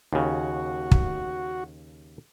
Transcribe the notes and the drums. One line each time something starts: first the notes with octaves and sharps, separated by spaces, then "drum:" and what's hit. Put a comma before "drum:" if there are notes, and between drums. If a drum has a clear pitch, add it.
D#2 C#3 F#4
drum: kick